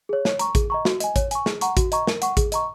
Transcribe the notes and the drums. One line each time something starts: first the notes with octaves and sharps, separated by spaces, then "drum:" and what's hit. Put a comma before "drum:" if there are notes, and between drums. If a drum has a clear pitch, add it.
G#4 C#5
C#5, drum: snare
A#5 C#6, drum: hi-hat
G#4, drum: kick A1, hi-hat
D#5 A#5 C#6
F#4, drum: snare
D#5 G#5, drum: hi-hat
C#5, drum: kick A1, hi-hat
G#5 C#6, drum: hi-hat
G#4, drum: snare
F#5 A#5 C#6, drum: hi-hat
F#4, drum: kick A1, hi-hat
D#5 A#5 C#6, drum: hi-hat
A#4, drum: snare
F#5 C#6, drum: hi-hat
G#4, drum: kick A1, hi-hat
D#5 A#5 C#6, drum: hi-hat